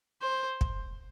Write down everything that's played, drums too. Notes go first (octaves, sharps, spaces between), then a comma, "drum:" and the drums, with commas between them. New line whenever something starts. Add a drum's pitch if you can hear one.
C5
drum: kick